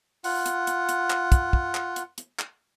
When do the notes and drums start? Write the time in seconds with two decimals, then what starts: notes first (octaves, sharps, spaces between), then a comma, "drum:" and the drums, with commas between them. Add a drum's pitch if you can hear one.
0.24 F4 F#5, drum: open hi-hat
0.46 drum: hi-hat
0.67 drum: hi-hat
0.89 drum: hi-hat
1.10 drum: clap
1.32 drum: kick, hi-hat
1.53 drum: kick
1.75 drum: clap
1.96 drum: hi-hat
2.18 drum: hi-hat
2.39 drum: clap